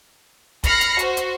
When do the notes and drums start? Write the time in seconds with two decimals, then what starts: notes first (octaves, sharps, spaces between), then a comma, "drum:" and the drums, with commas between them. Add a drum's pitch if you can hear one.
0.64 B5 F6 A#6 C7 C#7, drum: kick, hi-hat
0.81 drum: hi-hat
0.99 F#4 C5, drum: hi-hat
1.17 drum: hi-hat